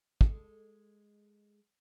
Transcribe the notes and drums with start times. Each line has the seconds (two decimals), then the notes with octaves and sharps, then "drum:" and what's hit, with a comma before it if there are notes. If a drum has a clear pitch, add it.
0.21 G#3 A4, drum: kick